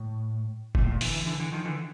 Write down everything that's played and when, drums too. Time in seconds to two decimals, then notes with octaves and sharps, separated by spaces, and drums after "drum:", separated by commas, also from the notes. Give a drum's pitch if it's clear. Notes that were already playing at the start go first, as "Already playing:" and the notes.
Already playing: A2
0.75 A#2, drum: kick
0.83 A2
0.92 A#2
1.01 D3 E3, drum: open hi-hat
1.26 D3 E3
1.40 D3 E3
1.52 D#3 F3
1.65 D3 E3